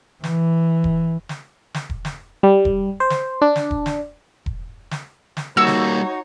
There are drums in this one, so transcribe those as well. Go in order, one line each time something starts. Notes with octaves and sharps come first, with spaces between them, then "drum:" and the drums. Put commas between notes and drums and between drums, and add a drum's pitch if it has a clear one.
E3, drum: snare
drum: kick E1
drum: snare
drum: snare
drum: kick E1
drum: snare
G3
drum: kick E1
C5
drum: snare
D4
drum: snare
drum: kick E1
drum: snare
drum: kick E1
drum: snare
drum: snare
G3 A#3 D#4 F#4 C#5 E6
drum: snare